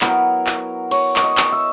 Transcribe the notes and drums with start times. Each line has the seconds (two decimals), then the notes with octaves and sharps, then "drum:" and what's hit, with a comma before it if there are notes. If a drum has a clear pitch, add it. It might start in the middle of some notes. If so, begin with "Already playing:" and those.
0.01 F#3 B3 E4 A#4, drum: clap
0.47 drum: clap
0.91 C#5, drum: cymbal
1.16 C#5, drum: clap
1.22 D#5
1.37 drum: clap
1.52 E5